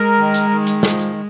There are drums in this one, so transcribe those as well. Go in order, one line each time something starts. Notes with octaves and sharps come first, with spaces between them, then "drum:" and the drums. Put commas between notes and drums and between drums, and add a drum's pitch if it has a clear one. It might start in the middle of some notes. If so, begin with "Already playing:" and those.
Already playing: G#3 A#4
D#3
drum: hi-hat
D#3
drum: hi-hat
F3, drum: snare
drum: hi-hat